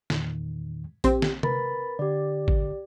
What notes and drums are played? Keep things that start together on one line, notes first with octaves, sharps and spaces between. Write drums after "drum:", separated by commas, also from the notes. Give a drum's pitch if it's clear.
E2 A#2 D#3, drum: snare
A#1 C4 G4, drum: hi-hat
drum: snare
A#4 B4 B5 A6, drum: tom C3
D3 G4 D5
drum: kick